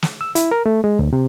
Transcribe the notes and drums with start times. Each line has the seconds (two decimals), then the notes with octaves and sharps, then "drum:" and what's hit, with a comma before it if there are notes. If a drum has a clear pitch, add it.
0.02 drum: snare
0.21 E6
0.35 E4, drum: hi-hat
0.51 A#4
0.66 A3
0.84 G#3
0.99 D2
1.13 C3